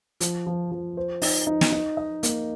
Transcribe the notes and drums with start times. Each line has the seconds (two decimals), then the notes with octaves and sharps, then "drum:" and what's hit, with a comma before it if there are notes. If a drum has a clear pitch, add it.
0.21 F3, drum: hi-hat
0.47 F3
0.71 F3
0.97 C5
1.22 D#4, drum: open hi-hat
1.47 D#4
1.61 drum: snare
1.72 D#4
1.97 D#5
2.23 A#3, drum: hi-hat